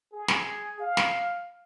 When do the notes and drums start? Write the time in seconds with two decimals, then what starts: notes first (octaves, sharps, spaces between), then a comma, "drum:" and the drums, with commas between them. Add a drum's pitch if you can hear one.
0.13 G#4
0.28 drum: snare
0.80 F5
0.97 drum: snare